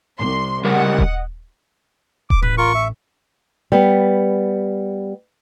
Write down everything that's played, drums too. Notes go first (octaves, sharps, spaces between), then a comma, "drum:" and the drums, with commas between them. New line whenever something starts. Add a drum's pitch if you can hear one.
C2 C6
C#3 G3 A#4 D#5 F#5
drum: kick D#1
D6, drum: kick D#1
A1 B4
F4 A#4 C#6
E5
G3 B3